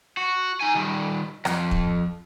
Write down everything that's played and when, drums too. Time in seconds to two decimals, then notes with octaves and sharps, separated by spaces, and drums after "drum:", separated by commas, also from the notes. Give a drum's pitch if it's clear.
0.17 F#4
0.61 D#4 G#5
0.75 D#3 G3
1.45 F2, drum: rim click
1.71 drum: kick